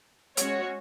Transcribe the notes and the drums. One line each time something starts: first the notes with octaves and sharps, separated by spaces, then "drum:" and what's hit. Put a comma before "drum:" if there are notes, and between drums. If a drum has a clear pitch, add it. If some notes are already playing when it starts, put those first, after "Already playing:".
G#3 C#4 F#4 C#5, drum: hi-hat